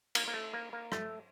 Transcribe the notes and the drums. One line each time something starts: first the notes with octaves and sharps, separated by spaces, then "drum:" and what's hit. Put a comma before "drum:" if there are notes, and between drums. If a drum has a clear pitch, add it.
A#3, drum: cymbal
A#3
A3
A#3
A#3
A3, drum: rim click